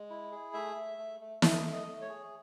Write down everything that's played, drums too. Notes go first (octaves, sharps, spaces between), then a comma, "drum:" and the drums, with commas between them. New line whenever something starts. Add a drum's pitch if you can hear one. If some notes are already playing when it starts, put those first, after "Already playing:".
Already playing: G#3
E4
G#4
A3 E5
A3
A3
A3
A3 D#5, drum: snare
A3
D#5
A3
C#5
G#4